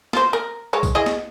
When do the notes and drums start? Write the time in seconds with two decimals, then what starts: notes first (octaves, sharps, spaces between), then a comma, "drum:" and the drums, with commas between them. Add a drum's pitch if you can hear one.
0.13 F4 C5, drum: snare
0.33 A#4
0.73 G#3 C#5
0.83 drum: kick B1, tambourine
0.95 E4 G#4 D#5
1.06 drum: snare